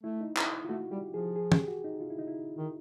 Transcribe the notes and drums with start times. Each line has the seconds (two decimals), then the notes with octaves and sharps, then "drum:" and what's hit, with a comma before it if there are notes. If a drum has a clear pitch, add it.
0.04 A3 E4
0.21 D#4
0.37 E4, drum: clap
0.65 F4
0.69 A3 F#4
0.91 G3 G4
1.13 F3 G#4
1.36 G#4
1.52 G4, drum: tom
1.68 F#4
1.84 D#4
2.01 F4
2.10 E4
2.19 D#4
2.28 E4
2.58 D#3